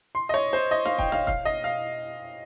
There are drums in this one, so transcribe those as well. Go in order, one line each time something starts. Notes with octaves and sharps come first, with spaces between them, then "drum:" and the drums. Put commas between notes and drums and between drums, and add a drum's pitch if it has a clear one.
C6
D#5
C#5
C5
D#5
F5, drum: snare
G5, drum: kick
F5, drum: snare
F5, drum: kick
D#5
F5